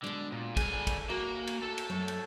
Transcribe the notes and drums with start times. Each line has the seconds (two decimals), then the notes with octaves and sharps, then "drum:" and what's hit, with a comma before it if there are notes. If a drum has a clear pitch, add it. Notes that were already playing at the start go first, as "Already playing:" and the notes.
0.04 B2 D3 G#3
0.32 A#2
0.57 D3 G#4 A4 G#5, drum: kick, cymbal
0.87 drum: kick, cymbal
1.10 A#3 F#4
1.47 drum: cymbal
1.63 A4
1.78 drum: cymbal
1.90 F#2 A3 C#5
2.08 drum: cymbal